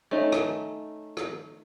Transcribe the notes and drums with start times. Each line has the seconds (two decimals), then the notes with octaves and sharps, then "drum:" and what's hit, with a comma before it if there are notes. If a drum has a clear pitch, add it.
0.11 A3 C#4 D#4
0.32 drum: rim click
1.17 drum: rim click